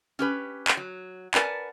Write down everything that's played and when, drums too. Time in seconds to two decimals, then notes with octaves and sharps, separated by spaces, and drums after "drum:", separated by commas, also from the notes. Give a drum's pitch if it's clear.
0.19 C#4 G4 B4
0.68 drum: clap
0.77 F#3
1.34 A#4 B4 D5 F#5 G#5 A5, drum: clap